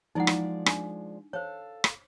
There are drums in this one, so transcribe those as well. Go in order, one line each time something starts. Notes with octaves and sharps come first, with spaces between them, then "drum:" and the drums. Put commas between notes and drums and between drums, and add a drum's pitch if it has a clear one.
F3 G#3 D#4 E4 D5 F#5
drum: rim click
D4, drum: rim click
A4 C5 C#5 F5
drum: rim click